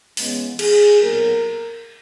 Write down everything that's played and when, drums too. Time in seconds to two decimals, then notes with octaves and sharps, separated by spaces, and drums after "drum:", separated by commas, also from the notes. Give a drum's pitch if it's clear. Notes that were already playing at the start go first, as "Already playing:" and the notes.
0.17 E2 C#3 G#3 B3, drum: open hi-hat
0.59 G#4, drum: cymbal
1.01 B1 A#2 F#3 B3 A#4